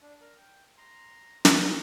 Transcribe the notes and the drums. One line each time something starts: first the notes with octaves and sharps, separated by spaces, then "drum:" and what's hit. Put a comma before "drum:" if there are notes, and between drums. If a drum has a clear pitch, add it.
D4
A#4
G5
A#5 C6
F#4 A#4 D5 G5 A#5 D6, drum: snare